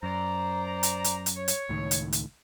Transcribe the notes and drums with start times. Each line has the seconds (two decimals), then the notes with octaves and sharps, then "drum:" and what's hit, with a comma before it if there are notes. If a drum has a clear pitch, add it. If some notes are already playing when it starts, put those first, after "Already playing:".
0.03 F#2 C5 D5 A#5
0.83 drum: hi-hat
1.04 drum: hi-hat
1.26 drum: hi-hat
1.37 C#5
1.48 drum: hi-hat
1.69 C#2 A2 D#3
1.91 drum: hi-hat
2.12 drum: hi-hat